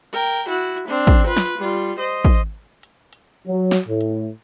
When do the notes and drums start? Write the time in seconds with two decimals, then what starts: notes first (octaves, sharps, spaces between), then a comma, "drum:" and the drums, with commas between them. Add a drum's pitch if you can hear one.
0.13 A#4 G5
0.49 E4 F#4, drum: hi-hat
0.78 drum: hi-hat
0.88 C4 D4
1.07 drum: kick, hi-hat
1.27 F4 B4
1.37 drum: snare
1.59 G3 F4
1.99 C5 D#5
2.25 drum: kick, hi-hat
2.83 drum: hi-hat
3.13 drum: hi-hat
3.47 F#3
3.71 drum: snare
3.87 A2
4.01 drum: hi-hat